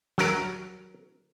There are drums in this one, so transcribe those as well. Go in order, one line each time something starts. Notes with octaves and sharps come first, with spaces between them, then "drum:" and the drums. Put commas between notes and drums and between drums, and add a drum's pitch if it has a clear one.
F#3 A#4, drum: snare